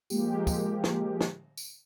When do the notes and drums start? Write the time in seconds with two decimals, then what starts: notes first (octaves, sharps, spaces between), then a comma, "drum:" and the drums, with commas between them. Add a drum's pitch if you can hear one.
0.10 F3 G#3 A#3 G4, drum: tambourine
0.47 drum: kick, tambourine
0.84 drum: snare
1.21 drum: snare
1.57 drum: tambourine